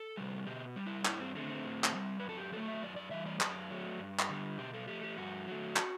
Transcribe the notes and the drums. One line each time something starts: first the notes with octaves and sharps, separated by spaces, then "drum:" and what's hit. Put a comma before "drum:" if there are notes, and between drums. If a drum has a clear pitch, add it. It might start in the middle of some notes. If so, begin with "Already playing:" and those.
Already playing: A4
C3 G3
B2 G4
G3
E4
G2 E4, drum: clap
C4
D3 A3 C4
C4
A2
drum: clap
G3
B4
F#2
A4
G4
F#3 A3 A4
E5
F#2 D5
D5
E3 G3 E5
D5
F#2 D5, drum: clap
F#3 A3
G2
drum: clap
D3 G3
B2 G4
A4
A3 G4
G4
G2 F#4
F#3 A3
drum: clap